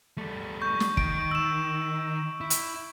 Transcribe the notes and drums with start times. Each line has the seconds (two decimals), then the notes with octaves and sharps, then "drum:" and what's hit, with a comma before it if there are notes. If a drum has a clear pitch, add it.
0.18 G3 A3
0.62 C#6 G6
0.80 drum: snare
0.97 D#3 D7, drum: kick
1.31 E6 E7
2.41 E4
2.50 drum: hi-hat